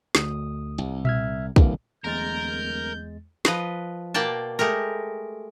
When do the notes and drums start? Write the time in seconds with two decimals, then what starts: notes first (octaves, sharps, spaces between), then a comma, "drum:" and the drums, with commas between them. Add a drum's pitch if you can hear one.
0.15 D2 D#6, drum: snare
0.78 C2
1.05 E5 F6 G#6, drum: tom A#2
1.56 D#1 C2 D3 E3 A#3, drum: kick
2.04 D1 E2 G#3 A#4 G6 A6
3.45 F3 B4 D#5, drum: snare
4.14 B2 A#3 D5 G5 A5
4.59 G#3 A3 G4 A#4